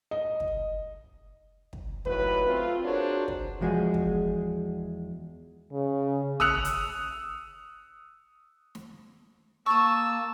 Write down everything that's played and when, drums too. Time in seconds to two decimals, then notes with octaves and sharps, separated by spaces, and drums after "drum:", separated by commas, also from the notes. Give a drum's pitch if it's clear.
0.11 D#5
0.40 drum: kick
1.73 drum: kick
2.05 D#2 A2 F#3 F#4 B4, drum: kick
2.46 A3 C4 F4
2.83 D4 F#4 G#4 A#4 C5 C#5
3.28 drum: kick
3.61 E2 F3 G#3 F#4 G#4
3.94 drum: kick
5.72 C#3
6.40 D#6 E6 F#6 C#7 F7, drum: tom
6.65 drum: hi-hat
8.75 drum: snare
9.66 A#3 A5 C#6 D#6 E6